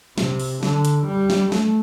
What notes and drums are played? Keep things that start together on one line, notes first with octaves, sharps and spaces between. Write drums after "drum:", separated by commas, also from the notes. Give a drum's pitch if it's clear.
C3, drum: snare
drum: open hi-hat
D3, drum: snare
drum: hi-hat
G3
drum: snare
A3, drum: snare